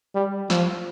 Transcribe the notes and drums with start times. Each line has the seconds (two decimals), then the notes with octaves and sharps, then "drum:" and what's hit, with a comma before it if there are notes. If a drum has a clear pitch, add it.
0.15 G3
0.50 F3, drum: snare